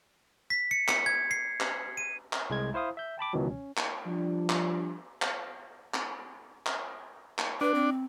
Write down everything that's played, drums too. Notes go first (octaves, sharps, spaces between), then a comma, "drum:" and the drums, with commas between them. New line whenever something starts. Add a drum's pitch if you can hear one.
B6
C#7
C#7, drum: clap
G#6
C7
drum: clap
D#7
drum: clap
C2 G#3 G#6
E4 C5 F5 D#6
E5 G6
G5 A5 B5 D6
C#2 B2 D#3 E3 F#3
C#4
drum: clap
F3 G3 D4
drum: clap
drum: clap
drum: clap
drum: clap
drum: clap
D4 B4
C4